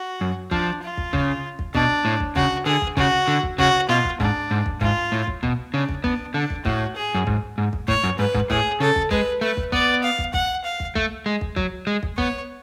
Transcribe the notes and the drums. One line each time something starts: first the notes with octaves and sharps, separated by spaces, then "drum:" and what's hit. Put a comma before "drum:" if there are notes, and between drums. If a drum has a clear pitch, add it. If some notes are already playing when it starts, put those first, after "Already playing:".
Already playing: F#4
F#2
F3 D4, drum: kick
F4
drum: kick
C#3, drum: kick
drum: kick
B2 D4, drum: kick
A2
drum: kick
C#3 F#4, drum: kick
D3 G#4
drum: kick
C#3 F#4, drum: kick
D3
drum: kick
C#3 F#4, drum: kick
B2 F4
drum: kick
G#2 D4, drum: kick
G#2
drum: kick
G#2 F4, drum: kick
A2
drum: kick
B2, drum: kick
C#3 D4
drum: kick
B3 D4, drum: kick
D3 D4
drum: kick
A2 F#4, drum: kick
G#4
F#2
G#2, drum: kick
G#2
drum: kick
A2 C#5, drum: kick
F#2
G#2 B4
G#2, drum: kick
A2 G#4, drum: kick
C#3 A4
drum: kick
G#3 B4, drum: kick
A3 B4
drum: kick
B3 D5, drum: kick
F5
drum: kick
F#5, drum: kick
F5
drum: kick
A3, drum: kick
G#3
drum: kick
F#3, drum: kick
G#3
drum: kick
B3 C#5, drum: kick